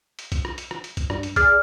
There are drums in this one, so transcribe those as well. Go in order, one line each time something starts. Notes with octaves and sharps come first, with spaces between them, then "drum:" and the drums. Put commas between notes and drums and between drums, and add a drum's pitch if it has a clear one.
drum: hi-hat
drum: kick B1, hi-hat
drum: rim click
drum: hi-hat
drum: rim click
drum: hi-hat
drum: kick B1, hi-hat
G2, drum: rim click
drum: hi-hat
G#4 D5 F6, drum: kick B1, hi-hat